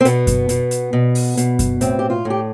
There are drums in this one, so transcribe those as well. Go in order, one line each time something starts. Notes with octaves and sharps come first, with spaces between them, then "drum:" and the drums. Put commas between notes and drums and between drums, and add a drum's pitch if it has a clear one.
C4
B2 B3, drum: hi-hat
drum: kick F#2, hi-hat
B2, drum: hi-hat
drum: hi-hat
B2
drum: open hi-hat
B2, drum: hi-hat
drum: kick F#2, hi-hat
A2 C4, drum: hi-hat
G4
F4
A2
G4